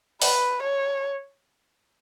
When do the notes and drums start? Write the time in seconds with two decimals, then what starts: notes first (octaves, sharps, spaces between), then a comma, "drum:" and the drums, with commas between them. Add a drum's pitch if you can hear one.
0.22 B4, drum: open hi-hat
0.62 C#5